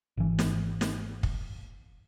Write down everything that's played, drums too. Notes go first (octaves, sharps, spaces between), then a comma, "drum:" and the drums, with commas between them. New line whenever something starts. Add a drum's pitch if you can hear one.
G#1 E3
drum: snare
drum: snare
drum: kick